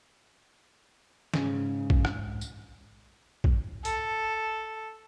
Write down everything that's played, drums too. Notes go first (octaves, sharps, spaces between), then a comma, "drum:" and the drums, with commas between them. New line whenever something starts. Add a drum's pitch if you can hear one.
G#2 C#3, drum: snare
drum: kick A#1
drum: rim click
drum: tambourine
drum: kick A#1
A4, drum: hi-hat